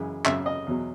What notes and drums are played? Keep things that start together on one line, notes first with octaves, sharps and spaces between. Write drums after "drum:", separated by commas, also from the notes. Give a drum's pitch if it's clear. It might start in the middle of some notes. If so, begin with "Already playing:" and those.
Already playing: F#2 C#3 E3 G#3
G#1 F#2 C#3 E5, drum: clap
D#5
E2 B2 F#3